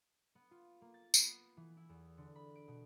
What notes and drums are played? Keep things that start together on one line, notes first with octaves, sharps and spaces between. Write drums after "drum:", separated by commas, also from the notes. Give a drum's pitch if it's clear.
B3
F4
A#3
A6
B3, drum: tambourine
E3
E4
E2
D3
B5
D7
B2